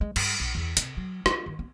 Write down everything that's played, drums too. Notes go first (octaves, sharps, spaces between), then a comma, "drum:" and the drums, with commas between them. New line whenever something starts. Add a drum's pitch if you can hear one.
G#3
G2, drum: cymbal
A#1
E2
C3, drum: hi-hat
F#3
F4, drum: rim click
D#3
B3